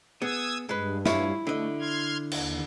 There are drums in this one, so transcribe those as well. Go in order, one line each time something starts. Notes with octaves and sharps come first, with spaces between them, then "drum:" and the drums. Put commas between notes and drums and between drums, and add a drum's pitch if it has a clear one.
B3 G#4 D#6 E6 G#6
G2 G#3 B4
E4 F4 C#5, drum: snare
D3 A3 D#5
C6 F6 G#6
D#2, drum: cymbal